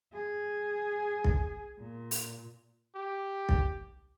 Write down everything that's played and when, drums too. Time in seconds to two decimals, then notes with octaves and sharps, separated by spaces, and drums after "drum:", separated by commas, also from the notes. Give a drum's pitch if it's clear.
0.13 G#4
1.24 drum: kick B1
1.79 A#2
2.11 drum: open hi-hat
2.95 G4
3.49 drum: kick B1